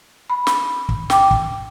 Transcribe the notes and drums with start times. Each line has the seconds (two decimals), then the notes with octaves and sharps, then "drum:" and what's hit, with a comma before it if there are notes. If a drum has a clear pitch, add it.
0.30 B5
0.47 drum: snare
0.89 drum: kick
1.10 G5 D6, drum: snare
1.31 drum: kick